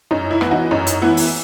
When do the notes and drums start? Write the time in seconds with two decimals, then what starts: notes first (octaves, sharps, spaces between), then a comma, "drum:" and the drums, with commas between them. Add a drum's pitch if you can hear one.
0.11 F#2 D#4
0.31 E4
0.41 E3 B3, drum: rim click
0.51 D#4 F#4
0.71 F#2 D#4
0.87 drum: hi-hat
1.02 E3 B3 E4
1.17 drum: open hi-hat